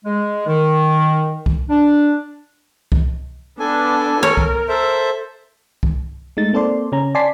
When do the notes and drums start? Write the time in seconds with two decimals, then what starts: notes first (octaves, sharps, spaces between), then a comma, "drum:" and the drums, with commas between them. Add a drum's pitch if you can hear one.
0.05 G#3
0.47 D#3
1.46 drum: kick C2
1.69 D4
2.92 drum: kick C2
3.60 B3 D4 A4 G#5
4.23 A#4 C#5
4.37 drum: kick C2
4.69 A4 C5 E5
5.83 drum: kick C2
6.37 G#3 A3 D#4 A6
6.53 A#3 C4 A4 C5 D5 C6
6.92 C#3 C#4 A#5
7.15 D5 G#5 A5 C6 B6 C7